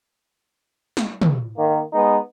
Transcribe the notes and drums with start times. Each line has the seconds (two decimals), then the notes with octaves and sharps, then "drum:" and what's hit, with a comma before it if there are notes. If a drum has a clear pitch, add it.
0.97 drum: snare
1.21 drum: tom
1.55 D#3 A#3
1.93 G#3 B3 D#4